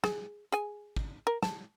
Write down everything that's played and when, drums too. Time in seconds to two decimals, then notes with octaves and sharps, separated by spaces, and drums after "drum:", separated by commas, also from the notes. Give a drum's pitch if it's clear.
0.04 G#4, drum: snare
0.52 G#4 G#5, drum: hi-hat
0.96 drum: kick
1.27 A#4
1.43 A5, drum: snare